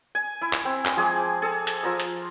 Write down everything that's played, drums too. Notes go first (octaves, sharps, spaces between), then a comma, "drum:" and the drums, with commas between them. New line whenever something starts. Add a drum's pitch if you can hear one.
G#5
E4
drum: clap
C4
drum: clap
F3 G#3 G#4 D6
G#4 A4
drum: hi-hat
F3 F4 A#5 E6
drum: hi-hat